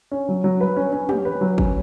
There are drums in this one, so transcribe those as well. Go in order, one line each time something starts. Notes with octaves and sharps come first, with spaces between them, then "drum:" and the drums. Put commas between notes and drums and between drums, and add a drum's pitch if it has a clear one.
C#4
F#3
F#3
B4
C#4
C#4
G4, drum: tom
B4
F#3
C#4, drum: kick G1